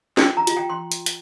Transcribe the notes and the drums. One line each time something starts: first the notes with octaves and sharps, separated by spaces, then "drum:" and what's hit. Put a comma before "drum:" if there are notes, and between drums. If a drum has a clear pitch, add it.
F4 G5, drum: snare
A#5
F4, drum: hi-hat
G5
C6
drum: hi-hat
drum: hi-hat